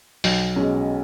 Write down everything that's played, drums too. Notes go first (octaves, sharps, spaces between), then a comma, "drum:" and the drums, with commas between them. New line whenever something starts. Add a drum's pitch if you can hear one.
B1, drum: open hi-hat
B2 G#3 C#4